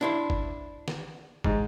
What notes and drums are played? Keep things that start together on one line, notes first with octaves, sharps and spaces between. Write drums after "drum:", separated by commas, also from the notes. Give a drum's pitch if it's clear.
D4 E4 C5
drum: kick
drum: snare
G#2, drum: kick